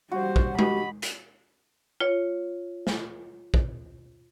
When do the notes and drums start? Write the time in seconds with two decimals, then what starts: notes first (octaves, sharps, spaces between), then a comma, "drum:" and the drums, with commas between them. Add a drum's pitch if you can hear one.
0.12 G3 F#4 C5
0.36 drum: kick A#1
0.59 F#4 G4 D#5 B5, drum: tom G#3
1.02 drum: hi-hat
2.00 F4 C#5
2.87 drum: snare
3.54 drum: kick A#1